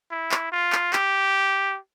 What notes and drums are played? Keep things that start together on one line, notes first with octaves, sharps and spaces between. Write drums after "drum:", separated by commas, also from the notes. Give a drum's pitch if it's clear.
E4
drum: clap
F4
drum: clap
G4, drum: clap